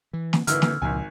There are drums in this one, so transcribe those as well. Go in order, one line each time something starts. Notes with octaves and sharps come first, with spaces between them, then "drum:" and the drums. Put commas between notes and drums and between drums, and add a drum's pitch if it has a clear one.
E3
drum: snare
G#1 D3 E3 E6 F6, drum: hi-hat
drum: snare
G#1 C#2 A#2 F3 G#5